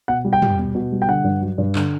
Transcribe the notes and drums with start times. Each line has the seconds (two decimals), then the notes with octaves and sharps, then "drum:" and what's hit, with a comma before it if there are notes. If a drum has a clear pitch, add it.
0.08 B2 F#5
0.25 G3
0.33 G5
0.42 G3, drum: tom
0.59 B2
0.75 B2
0.92 G3
1.02 G5
1.08 D3 F#5
1.24 G2
1.41 F#3
1.58 G2
1.75 D3, drum: clap